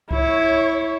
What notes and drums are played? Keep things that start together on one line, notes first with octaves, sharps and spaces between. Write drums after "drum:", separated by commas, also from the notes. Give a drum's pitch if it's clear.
E4 C#5, drum: kick C2